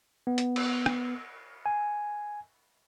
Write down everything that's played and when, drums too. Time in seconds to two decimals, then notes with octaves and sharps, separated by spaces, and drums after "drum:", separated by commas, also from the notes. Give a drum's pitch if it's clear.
0.27 B3
0.38 drum: hi-hat
0.56 drum: cymbal
0.86 drum: rim click
1.66 G#5